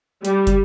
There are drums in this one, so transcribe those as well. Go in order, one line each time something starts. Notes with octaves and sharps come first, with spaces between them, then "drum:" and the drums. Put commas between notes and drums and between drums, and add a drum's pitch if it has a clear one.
G3, drum: hi-hat
drum: kick, hi-hat